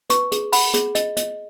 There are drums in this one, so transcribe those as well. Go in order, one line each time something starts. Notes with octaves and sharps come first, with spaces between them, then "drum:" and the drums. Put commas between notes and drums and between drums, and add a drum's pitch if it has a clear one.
B4 C#6, drum: hi-hat
G#4, drum: hi-hat
F#5 B5, drum: open hi-hat
G#4, drum: hi-hat
D#5, drum: hi-hat
D#5, drum: hi-hat